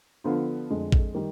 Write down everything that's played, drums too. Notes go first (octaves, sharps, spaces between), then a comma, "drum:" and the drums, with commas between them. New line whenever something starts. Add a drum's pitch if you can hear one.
D3 F3 B3 F4
F2 D3 G#3
drum: kick A1
D#3 G3